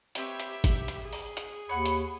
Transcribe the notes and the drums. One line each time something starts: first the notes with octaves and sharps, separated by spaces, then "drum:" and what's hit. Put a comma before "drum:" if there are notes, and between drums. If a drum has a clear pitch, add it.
C4 G4 B4 C#5 E5, drum: hi-hat
drum: hi-hat
drum: kick, hi-hat
drum: hi-hat
G#4
drum: open hi-hat
drum: hi-hat
D#2 C#5 F#5 B5 C#6
drum: hi-hat